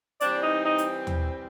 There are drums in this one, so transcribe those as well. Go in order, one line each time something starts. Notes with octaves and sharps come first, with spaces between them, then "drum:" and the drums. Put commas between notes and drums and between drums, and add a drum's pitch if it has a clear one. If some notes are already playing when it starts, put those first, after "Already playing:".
E3 G3 C4 D4 D5, drum: hi-hat
D#4 D#5
D#4 D#5
drum: hi-hat
drum: tom D#2